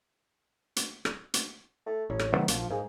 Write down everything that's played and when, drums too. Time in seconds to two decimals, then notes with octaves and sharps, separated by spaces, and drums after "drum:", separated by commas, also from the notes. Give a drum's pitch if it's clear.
0.76 drum: hi-hat
1.05 drum: rim click
1.34 drum: hi-hat
1.86 A3
2.10 A1 C#4
2.19 drum: rim click
2.33 C3 D#3 F#3 A3 B3
2.48 A#1 F3 A#3, drum: hi-hat
2.71 G#2 G#3 A#3